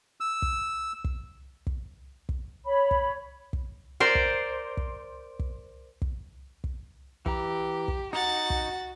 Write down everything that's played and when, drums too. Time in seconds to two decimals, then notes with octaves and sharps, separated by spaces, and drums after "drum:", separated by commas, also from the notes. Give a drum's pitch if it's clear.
0.20 E6
0.42 drum: kick
1.04 drum: kick
1.67 drum: kick
2.29 drum: kick
2.66 C#5 B5
2.91 drum: kick
3.53 drum: kick
4.00 A#4 C5 D5
4.15 drum: kick
4.77 drum: kick
5.39 drum: kick
6.02 drum: kick
6.64 drum: kick
7.26 E3 G4 A#5, drum: kick
7.88 drum: kick
8.13 D#4 F#4 F#5 A#5 A6
8.50 drum: kick